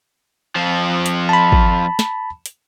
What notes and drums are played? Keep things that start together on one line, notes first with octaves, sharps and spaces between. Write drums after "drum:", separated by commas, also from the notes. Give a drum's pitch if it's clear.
F2 F3
drum: hi-hat
A5 B5
drum: kick
drum: snare
drum: hi-hat